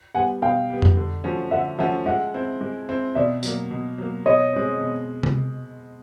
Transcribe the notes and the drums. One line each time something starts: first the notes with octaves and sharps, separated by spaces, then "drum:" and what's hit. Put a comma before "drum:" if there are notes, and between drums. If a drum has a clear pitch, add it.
G3 B3 F#5 G#5
B2 F5 G5
G3 B3
drum: tom F2
D3
F3 A3 C#4 F#4
D3 E5 F#5
F3 A3 C#4 F#4 E5 F#5
G#3 E5 F#5
C4 E4
G#3
C4 E4
B2 D5 E5
F#3 A#3, drum: tambourine
B2
F#3 A#3
B2 C#5 D#5
G#3 C4
B2
drum: tom C3